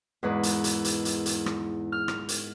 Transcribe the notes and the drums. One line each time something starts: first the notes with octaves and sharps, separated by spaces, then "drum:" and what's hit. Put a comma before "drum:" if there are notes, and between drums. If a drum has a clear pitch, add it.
E2 G#2 B4
drum: hi-hat
drum: hi-hat
drum: hi-hat
drum: hi-hat
drum: hi-hat
drum: rim click
F6
drum: rim click
drum: hi-hat